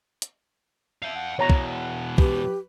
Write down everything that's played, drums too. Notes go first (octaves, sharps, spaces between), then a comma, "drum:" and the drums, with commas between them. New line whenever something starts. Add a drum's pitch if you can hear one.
drum: hi-hat
E5 F5 G5
F#5
E2 B2 C#5 A#5
drum: kick
G4 B4, drum: kick